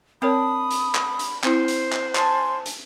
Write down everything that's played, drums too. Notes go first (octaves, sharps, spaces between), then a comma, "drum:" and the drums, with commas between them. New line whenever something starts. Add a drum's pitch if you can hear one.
C4 D4 A#4 C#5 B5 D#6
drum: hi-hat
drum: clap
drum: hi-hat
C4 E4 C5, drum: clap
drum: hi-hat
drum: clap
G#5 A5 C6, drum: clap
drum: hi-hat